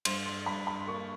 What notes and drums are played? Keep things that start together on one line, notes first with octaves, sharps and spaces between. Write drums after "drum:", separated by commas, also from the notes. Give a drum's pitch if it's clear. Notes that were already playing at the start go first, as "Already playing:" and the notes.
G2 C6, drum: cymbal
C6
G2 B5
B5
C6
A#3 C#6